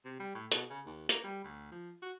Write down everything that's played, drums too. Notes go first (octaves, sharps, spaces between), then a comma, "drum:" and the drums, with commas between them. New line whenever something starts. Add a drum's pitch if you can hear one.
C3
G3
A2
B2, drum: hi-hat
C#3
D#2
A#3, drum: hi-hat
G3
D2
F3
F#4